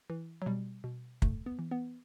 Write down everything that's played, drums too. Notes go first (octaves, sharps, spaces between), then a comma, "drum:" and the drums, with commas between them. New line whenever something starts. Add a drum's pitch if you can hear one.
E3
F#3
B2 G3
B2
A2 A3, drum: kick
B3
E3
B3